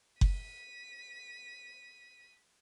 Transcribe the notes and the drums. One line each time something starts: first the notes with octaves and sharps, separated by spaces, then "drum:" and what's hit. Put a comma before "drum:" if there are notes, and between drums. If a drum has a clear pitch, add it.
B6 D#7, drum: kick F#1